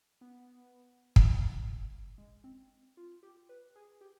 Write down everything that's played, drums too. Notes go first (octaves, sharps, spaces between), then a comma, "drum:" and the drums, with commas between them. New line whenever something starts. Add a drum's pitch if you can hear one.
B3
drum: kick
G#3
C4
F4
G4
B4
G#4
G4